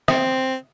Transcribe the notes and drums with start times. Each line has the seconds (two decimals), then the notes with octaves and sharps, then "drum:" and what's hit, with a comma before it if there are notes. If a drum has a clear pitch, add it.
0.08 C4, drum: rim click